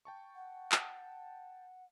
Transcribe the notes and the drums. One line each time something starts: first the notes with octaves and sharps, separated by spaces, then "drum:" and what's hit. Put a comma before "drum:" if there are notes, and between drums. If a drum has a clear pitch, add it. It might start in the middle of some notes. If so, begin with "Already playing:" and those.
G5 A5 C#6
F#5
G5 A5, drum: clap